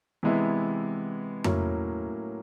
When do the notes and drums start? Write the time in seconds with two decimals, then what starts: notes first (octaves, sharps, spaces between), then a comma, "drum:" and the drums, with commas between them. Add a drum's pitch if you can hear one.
0.23 C3 E3 G#3 B3 E4
1.44 A2 F#3 A#3 C#4 E4, drum: tom F2